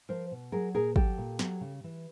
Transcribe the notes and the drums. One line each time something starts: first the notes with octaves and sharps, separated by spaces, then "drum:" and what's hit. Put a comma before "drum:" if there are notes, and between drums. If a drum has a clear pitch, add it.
F3 A#4 C5
B2
F#3 G#4 A#4
A#2 G#4 A#4
F#3 G4 A4, drum: kick
A#2
F#3, drum: snare
C#3
E3